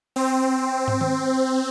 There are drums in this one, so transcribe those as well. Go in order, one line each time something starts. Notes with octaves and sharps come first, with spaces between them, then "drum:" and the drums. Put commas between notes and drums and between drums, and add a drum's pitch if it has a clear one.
C4, drum: open hi-hat
drum: tom
drum: tom D#3